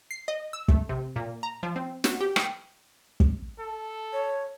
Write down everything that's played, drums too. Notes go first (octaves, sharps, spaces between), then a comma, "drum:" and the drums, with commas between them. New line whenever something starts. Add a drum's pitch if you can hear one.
C7
D#5
E6
A3, drum: kick
C3
A#2
A#5
F3
C4
F#4, drum: snare
G4
G5, drum: rim click
drum: kick
A4
C#5